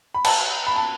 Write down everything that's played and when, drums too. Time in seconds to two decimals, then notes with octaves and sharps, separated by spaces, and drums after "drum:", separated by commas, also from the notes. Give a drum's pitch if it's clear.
0.15 B5
0.25 A5, drum: cymbal
0.67 B5
0.76 A5